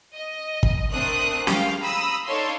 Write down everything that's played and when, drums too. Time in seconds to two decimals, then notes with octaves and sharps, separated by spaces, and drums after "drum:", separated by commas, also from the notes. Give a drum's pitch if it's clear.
0.13 D#5
0.63 drum: kick
0.92 A3 C4 D4 A#4 D#6 F#6
1.47 G4 F5 G5, drum: snare
1.81 A#5 B5 D#6 E6
2.25 D4 D#4 A4 C#5 F5 C6